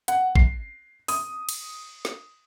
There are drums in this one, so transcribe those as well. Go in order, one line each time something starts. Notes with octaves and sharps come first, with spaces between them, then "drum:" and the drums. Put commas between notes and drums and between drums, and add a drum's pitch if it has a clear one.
F#5, drum: hi-hat
C7, drum: kick
D#6, drum: open hi-hat
drum: cymbal
drum: snare